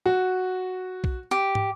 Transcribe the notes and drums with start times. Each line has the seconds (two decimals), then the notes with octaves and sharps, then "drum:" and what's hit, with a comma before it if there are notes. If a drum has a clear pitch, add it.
0.06 F#4
1.04 drum: kick B1
1.31 G4
1.55 drum: tom